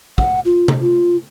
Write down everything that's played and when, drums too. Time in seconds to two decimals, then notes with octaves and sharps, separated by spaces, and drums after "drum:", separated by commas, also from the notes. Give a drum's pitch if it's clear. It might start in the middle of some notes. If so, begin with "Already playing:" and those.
0.18 F#5, drum: kick
0.45 F4
0.68 drum: tom C3
0.81 F4